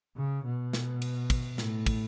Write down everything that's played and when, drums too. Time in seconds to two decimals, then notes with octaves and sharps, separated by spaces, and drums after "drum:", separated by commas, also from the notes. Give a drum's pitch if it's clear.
0.17 C#3
0.45 B2
0.73 drum: snare
1.02 drum: cymbal
1.30 drum: kick, cymbal
1.58 A2, drum: snare
1.86 drum: kick, cymbal